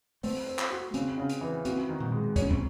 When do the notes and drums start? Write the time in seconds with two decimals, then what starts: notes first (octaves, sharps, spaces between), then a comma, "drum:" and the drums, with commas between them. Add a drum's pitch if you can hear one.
0.23 A3 C4, drum: open hi-hat
0.47 C4
0.59 drum: clap
0.70 F#4
0.94 C#3 C4, drum: hi-hat
1.18 C#3
1.29 drum: hi-hat
1.41 E3
1.65 C4 F#4, drum: hi-hat
1.89 D#3
2.00 drum: tom A#2
2.12 G#3
2.36 C#5, drum: kick, hi-hat
2.42 C#4
2.51 C4, drum: kick